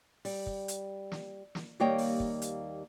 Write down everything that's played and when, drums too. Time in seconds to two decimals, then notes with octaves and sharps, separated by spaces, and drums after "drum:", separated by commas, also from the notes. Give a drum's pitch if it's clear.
0.25 G3, drum: open hi-hat
0.47 drum: kick
0.68 drum: hi-hat
1.12 drum: snare
1.55 drum: snare
1.80 D#2 G3 A#3 C#5 D#5 G5
1.98 drum: open hi-hat
2.20 drum: kick
2.42 drum: hi-hat